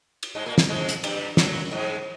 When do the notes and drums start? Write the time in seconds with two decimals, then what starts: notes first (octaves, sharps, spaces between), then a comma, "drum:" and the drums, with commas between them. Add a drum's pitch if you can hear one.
0.23 drum: cymbal
0.35 G#2 G#3
0.46 A#2 A#3
0.58 drum: snare
0.69 G#2 G#3
0.89 drum: hi-hat
1.04 G2 G3, drum: cymbal
1.37 F#2 F#3, drum: snare
1.71 G#2 G#3